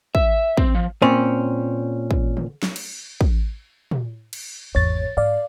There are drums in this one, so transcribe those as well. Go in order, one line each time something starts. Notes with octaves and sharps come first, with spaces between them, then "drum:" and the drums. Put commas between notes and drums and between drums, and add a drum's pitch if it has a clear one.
E5, drum: kick
C4, drum: kick
F3
A#2 C4 C#4
drum: kick
drum: tom
drum: snare
drum: cymbal
drum: kick
drum: tom
drum: cymbal
G#1 E2 C#5 A6
G#2 D5 F5